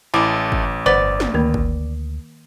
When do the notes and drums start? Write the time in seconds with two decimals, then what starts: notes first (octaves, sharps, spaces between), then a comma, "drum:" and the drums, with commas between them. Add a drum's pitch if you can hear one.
0.14 A1 G#3 A3 E4 D6
0.52 drum: kick
0.86 G1 B4 C5 D5 F#5
1.20 drum: snare
1.34 D2 D#3 A#3
1.54 drum: kick